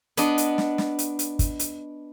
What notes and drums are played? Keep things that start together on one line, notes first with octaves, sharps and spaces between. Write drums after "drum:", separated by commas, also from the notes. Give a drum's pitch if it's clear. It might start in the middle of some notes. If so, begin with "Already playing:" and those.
B3 D4 D#5, drum: hi-hat
drum: hi-hat
drum: snare
drum: snare
drum: hi-hat
drum: hi-hat
drum: kick, hi-hat
drum: hi-hat